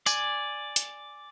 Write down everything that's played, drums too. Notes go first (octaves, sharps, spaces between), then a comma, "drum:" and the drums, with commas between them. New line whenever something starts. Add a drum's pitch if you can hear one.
D5 G#5, drum: tambourine
drum: hi-hat